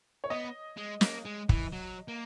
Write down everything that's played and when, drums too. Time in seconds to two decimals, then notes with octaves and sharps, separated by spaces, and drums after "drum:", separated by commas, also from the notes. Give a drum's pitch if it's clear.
0.24 C#5
0.30 B3 D#5
0.77 G#3
1.01 A#3, drum: snare
1.25 G#3
1.49 E3, drum: kick
1.73 F#3
2.08 A#3